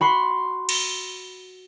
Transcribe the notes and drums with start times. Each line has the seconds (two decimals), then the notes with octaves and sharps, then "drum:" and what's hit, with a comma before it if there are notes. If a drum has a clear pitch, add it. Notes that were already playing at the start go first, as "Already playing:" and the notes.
0.01 F#4 B5 C6
0.69 drum: cymbal